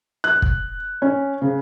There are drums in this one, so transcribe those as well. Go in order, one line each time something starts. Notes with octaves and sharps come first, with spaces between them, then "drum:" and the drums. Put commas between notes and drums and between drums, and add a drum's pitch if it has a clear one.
F#6
drum: kick
C#4
C#3